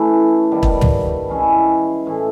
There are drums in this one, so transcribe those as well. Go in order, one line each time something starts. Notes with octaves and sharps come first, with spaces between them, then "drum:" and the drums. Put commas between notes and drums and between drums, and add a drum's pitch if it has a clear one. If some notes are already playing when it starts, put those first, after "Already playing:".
Already playing: E3 A3 C#4 E4
D#3 G3 B3 D4
drum: kick
drum: tom
E3 G#3 C#4 E4
A2 E3 A3